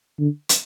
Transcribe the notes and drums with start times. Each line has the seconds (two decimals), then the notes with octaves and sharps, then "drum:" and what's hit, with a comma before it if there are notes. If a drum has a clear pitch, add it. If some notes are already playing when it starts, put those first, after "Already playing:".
0.19 D3
0.49 drum: hi-hat